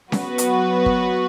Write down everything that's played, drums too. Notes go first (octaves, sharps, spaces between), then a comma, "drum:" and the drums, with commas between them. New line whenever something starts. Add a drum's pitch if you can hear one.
F#3 B3 F#4 B4, drum: snare C#4
drum: hi-hat
drum: kick